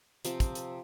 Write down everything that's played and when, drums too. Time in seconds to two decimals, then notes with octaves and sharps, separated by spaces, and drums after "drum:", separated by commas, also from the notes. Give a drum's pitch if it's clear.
0.25 C3 F3 C4, drum: hi-hat
0.40 drum: kick, hi-hat
0.55 drum: hi-hat